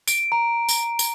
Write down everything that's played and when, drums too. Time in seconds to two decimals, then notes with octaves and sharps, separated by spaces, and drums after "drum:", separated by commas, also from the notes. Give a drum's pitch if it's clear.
0.08 D7, drum: tambourine
0.32 A#5
0.69 drum: tambourine
0.99 drum: tambourine